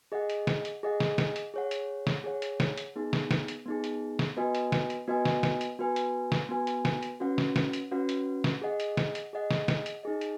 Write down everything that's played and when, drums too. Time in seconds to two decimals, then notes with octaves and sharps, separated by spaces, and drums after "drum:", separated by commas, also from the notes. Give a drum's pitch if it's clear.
0.12 G#4 D#5 F#5
0.30 drum: hi-hat
0.47 drum: snare
0.65 drum: hi-hat
0.83 G#4 D#5 F#5
1.00 drum: snare
1.18 drum: snare
1.36 drum: hi-hat
1.54 G#4 C#5 F#5
1.71 drum: hi-hat
2.07 drum: snare
2.24 G#4 C#5 F#5
2.42 drum: hi-hat
2.60 drum: snare
2.78 drum: hi-hat
2.96 B3 D#4 G#4
3.13 drum: snare
3.31 drum: snare
3.48 drum: hi-hat
3.66 B3 D#4 G#4
3.84 drum: hi-hat
4.19 drum: snare
4.37 B3 F#4 B4 D#5 G#5
4.55 drum: hi-hat
4.72 drum: snare
4.90 drum: hi-hat
5.07 B3 F#4 B4 D#5 G#5
5.25 drum: snare
5.43 drum: snare
5.61 drum: hi-hat
5.79 B3 F#4 B4 G#5
5.96 drum: hi-hat
6.32 drum: snare
6.49 B3 F#4 B4 G#5
6.67 drum: hi-hat
6.85 drum: snare
7.03 drum: hi-hat
7.20 C#4 F#4 B4 F#5
7.38 drum: snare
7.56 drum: snare
7.73 drum: hi-hat
7.91 C#4 F#4 B4 F#5
8.09 drum: hi-hat
8.44 drum: snare
8.62 G#4 D#5 F#5
8.80 drum: hi-hat
8.97 drum: snare
9.15 drum: hi-hat
9.33 G#4 D#5 F#5
9.51 drum: snare
9.68 drum: snare
9.86 drum: hi-hat
10.03 D#4 G#4 D#5
10.21 drum: hi-hat